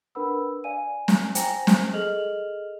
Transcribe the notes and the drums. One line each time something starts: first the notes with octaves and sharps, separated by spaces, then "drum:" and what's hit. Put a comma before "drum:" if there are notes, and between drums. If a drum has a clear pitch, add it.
D4 A#4 B4 F#5 B5 E6
D5 F5 G#5 D#7
drum: snare
C5 G5 G#5 A#5 A#6, drum: hi-hat
drum: snare
G#4 A4 D#5 F6 F7 F#7